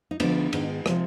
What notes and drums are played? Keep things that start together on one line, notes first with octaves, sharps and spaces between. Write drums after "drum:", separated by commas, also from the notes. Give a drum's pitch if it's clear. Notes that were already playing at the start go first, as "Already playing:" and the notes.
D#4
D2 D3 F3 B3 D4, drum: cymbal
G#2 D#3 B3, drum: cymbal
C3 F3 G#3 B3 C4, drum: rim click